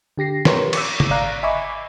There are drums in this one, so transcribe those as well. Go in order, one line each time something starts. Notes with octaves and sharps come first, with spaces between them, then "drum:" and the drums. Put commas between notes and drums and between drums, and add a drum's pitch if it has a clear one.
D3 G4 A#6 C7
G4 A#4 B4 C#5 C6 C#6, drum: snare
C#6 D6 E6, drum: cymbal
drum: tom
G#1 D5 F5 A#5 F#6
D#5 E5 G#5 B5 C#6 D6